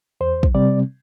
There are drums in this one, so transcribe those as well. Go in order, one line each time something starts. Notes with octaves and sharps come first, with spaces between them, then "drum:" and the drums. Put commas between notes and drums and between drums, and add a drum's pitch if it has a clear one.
E2 C5
drum: kick
C3 G3 C4 D5